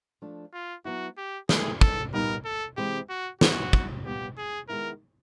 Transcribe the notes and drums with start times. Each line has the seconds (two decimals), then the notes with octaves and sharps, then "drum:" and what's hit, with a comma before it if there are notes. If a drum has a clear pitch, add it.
0.22 F3 A3 D4
0.53 F4
0.85 F#3 B3 E4 F#4
1.18 G4
1.49 C3 E3 A3 G#4, drum: snare
1.81 A4, drum: kick
2.13 A#2 G3 B3 D#4 A#4
2.45 A4
2.77 C3 E3 G#3 C4 G4
3.10 F#4
3.41 B2 G3 B3 E4 F#4, drum: snare
3.73 drum: kick
4.05 A#2 G3 B3 G4
4.38 G#4
4.69 D#3 G#3 B3 E4 A#4